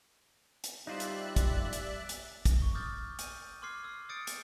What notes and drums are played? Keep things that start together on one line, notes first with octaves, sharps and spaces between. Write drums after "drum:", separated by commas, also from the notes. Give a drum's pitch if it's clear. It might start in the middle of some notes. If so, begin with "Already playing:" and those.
drum: hi-hat
G3 D#4 F4 C5 D5 E5 F#6
drum: hi-hat
drum: kick, hi-hat
drum: hi-hat
drum: hi-hat
drum: kick, hi-hat
C#6
D6 D#6 F6 G6 A6
G6 D#7, drum: hi-hat
C6 D6 F6 G#6 C7
E6
D#6 E6 G6 A6 C#7 D7
drum: hi-hat